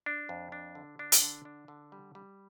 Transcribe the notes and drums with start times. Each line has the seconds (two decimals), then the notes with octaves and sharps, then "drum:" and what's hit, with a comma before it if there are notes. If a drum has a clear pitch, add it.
0.06 D4
0.29 F2
0.52 D4
0.75 D3
0.99 D4
1.12 drum: hi-hat
1.22 D3
1.45 D4
1.68 D3
1.92 G3
2.15 G3